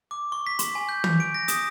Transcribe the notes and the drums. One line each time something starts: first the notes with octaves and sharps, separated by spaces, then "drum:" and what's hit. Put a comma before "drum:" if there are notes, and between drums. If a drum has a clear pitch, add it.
D6
C#6
B6
C6, drum: hi-hat
G#5
G6
F7, drum: tom
D7
A#6
D#6, drum: hi-hat